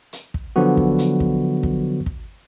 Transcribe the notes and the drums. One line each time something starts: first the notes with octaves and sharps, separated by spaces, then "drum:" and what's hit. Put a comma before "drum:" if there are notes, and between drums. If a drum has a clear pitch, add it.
drum: hi-hat
drum: kick
D3 F3 F#3 B3 F#4
drum: kick
drum: hi-hat
drum: kick
drum: kick
drum: kick